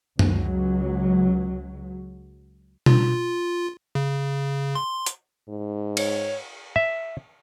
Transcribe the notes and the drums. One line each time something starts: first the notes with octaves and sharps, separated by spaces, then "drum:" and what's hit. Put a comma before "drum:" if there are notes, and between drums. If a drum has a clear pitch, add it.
C#2 F#3, drum: tom F#2
F4, drum: tom B2
C#3
C6
drum: hi-hat
G#2
C#5, drum: cymbal
E5